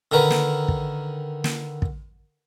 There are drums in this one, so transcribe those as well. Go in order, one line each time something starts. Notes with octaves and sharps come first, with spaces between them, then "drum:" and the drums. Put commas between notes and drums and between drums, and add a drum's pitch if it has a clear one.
D3 D#3 A#4 B4
drum: snare
drum: kick
drum: snare
drum: kick